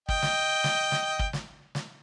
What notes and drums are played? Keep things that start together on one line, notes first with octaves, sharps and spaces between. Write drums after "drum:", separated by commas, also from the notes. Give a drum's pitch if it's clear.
D#5 G5, drum: kick
drum: snare
drum: snare
drum: snare
drum: kick
drum: snare
drum: snare